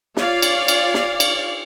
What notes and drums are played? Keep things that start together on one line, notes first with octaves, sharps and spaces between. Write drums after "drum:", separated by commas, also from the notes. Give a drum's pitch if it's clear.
F4 C#5 D5 F5, drum: snare
drum: cymbal
drum: cymbal
drum: snare
drum: cymbal